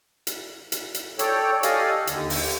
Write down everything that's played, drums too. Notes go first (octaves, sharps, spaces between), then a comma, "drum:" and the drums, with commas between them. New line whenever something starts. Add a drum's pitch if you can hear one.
drum: hi-hat
drum: hi-hat
drum: hi-hat
A4 C#5 D5 G5, drum: hi-hat
G4 A4 D5 D#5 F5 G#5, drum: hi-hat
D#2 D3, drum: hi-hat
drum: open hi-hat